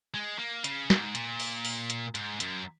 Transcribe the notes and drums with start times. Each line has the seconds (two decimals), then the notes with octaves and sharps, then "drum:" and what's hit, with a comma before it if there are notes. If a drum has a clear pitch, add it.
0.14 G#3
0.39 A#3
0.64 C#3, drum: hi-hat
0.90 G#2, drum: snare
1.15 A#2, drum: hi-hat
1.40 drum: open hi-hat
1.65 drum: open hi-hat
1.90 drum: hi-hat
2.15 G#2, drum: hi-hat
2.40 F#2, drum: hi-hat